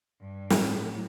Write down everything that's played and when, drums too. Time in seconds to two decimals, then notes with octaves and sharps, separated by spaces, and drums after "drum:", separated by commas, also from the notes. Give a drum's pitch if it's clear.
0.20 G2
0.50 A2, drum: snare